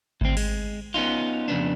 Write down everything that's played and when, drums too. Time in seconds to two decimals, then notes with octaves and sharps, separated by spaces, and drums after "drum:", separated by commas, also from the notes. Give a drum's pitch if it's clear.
0.21 D2 C4, drum: kick G#1
0.37 G#3, drum: cymbal
0.94 B3 C#4 D#4 F4
1.48 F2 C#3 B3 D4